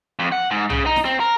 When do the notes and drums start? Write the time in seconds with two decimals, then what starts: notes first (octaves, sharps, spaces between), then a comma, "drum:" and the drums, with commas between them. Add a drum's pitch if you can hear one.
0.19 F2
0.32 F#5
0.51 G#2
0.70 C#3, drum: tom
0.86 D#4
0.96 drum: snare E4
1.05 C4
1.20 A#4